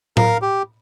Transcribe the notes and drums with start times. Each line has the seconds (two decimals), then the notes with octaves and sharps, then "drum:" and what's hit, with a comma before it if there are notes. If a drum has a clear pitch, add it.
0.17 A#4 F5, drum: tom A2
0.42 G4